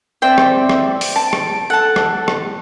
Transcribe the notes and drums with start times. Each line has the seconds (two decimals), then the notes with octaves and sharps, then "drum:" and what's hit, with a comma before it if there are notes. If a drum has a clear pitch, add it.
0.22 C4 C5 D5 E5 G5
0.38 drum: rim click
0.69 drum: rim click
1.01 drum: open hi-hat
1.16 A5 D7
1.33 drum: rim click
1.70 A4 F#5 A5
1.96 drum: rim click
2.28 drum: rim click